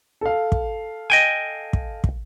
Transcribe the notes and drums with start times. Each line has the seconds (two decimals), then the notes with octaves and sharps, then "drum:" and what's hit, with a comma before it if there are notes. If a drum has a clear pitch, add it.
0.21 A4 F5
0.52 drum: kick
1.10 D#5 G5 G#5
1.73 drum: kick
2.04 drum: kick